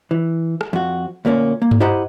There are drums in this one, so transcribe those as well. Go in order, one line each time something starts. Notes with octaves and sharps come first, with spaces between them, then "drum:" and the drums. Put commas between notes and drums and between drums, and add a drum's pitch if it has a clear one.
E3
drum: rim click
F2 F#4
D2 A#2 A#3 C#4
A#3
drum: tom G2
E4 G4 C5 D#5 F#5 A#5